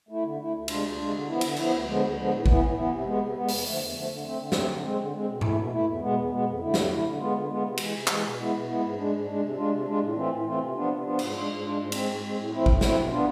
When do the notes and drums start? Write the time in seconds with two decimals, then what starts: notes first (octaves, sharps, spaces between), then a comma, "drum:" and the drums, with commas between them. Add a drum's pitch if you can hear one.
0.09 A3 E4
0.23 D3
0.38 A3 E4
0.53 D2
0.68 C3 G#3 D4 F4, drum: cymbal
0.83 D2
0.97 C3 G#3 D4 F4
1.12 D3
1.27 F3 B3 E4
1.41 D3, drum: cymbal
1.57 F3 B3 E4, drum: cymbal
1.71 D2
1.87 D3 F3 G#3 B3
2.00 D2
2.16 D3 F3 G#3 B3
2.31 A2
2.46 E3 B3 E4, drum: kick G#1
2.59 A2
2.74 E3 B3 E4
2.89 C3
3.04 G#3 B3
3.19 C3
3.34 G#3 B3
3.48 E2, drum: open hi-hat
3.63 D3 F3 A3
3.79 E2
3.93 D3 F3 A3
4.08 D3
4.23 A3 C4
4.38 D3
4.52 A3 C4, drum: snare
4.67 D3
4.82 G#3 C4
4.97 D3
5.11 G#3 C4
5.27 B2
5.41 A3 E4, drum: tom G#2
5.56 B2
5.71 A3 E4
5.85 E2
6.00 B2 G#3 B3
6.15 E2
6.30 B2 G#3 B3
6.45 F2
6.59 D3 A3 E4
6.74 F2, drum: snare
6.89 D3 A3 E4
7.03 D3
7.19 G#3 B3 F4
7.33 D3
7.48 G#3 B3 F4
7.63 C3
7.78 E3 G#3, drum: cymbal
7.92 C3
8.07 E3 G#3, drum: clap
8.22 B2
8.37 G#3 B3 E4
8.52 B2
8.67 G#3 B3 E4
8.81 G#2
8.97 G#3 D4
9.11 G#2
9.26 G#3 D4
9.40 C3
9.56 G#3 D4 F4
9.70 C3
9.85 G#3 D4 F4
10.00 A2
10.15 E3 A3 C4 F4
10.29 A2
10.44 E3 A3 C4 F4
10.59 C3
10.74 F3 B3 D4 F4
10.88 C3
11.03 F3 B3 D4 F4
11.19 G#2, drum: cymbal
11.32 G#3 D4 F4
11.48 G#2
11.63 G#3 D4 F4
11.77 G#2
11.92 G#3 C4, drum: cymbal
12.07 G#2
12.21 G#3 C4
12.37 A2
12.52 F3 A3 C4 E4
12.66 A2, drum: kick G#1
12.81 F3 A3 C4 E4, drum: snare
12.95 B2
13.10 B3 D4 F4